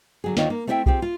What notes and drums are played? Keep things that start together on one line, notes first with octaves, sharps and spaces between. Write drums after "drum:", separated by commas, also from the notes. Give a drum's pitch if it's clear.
D3 F#3 G#4
D2 D#3 D4 D#4 F4 C#5, drum: snare
A#3
A3 C4 E4 C5 E5 G5
C4 F4 G4 G#4, drum: kick B1
F4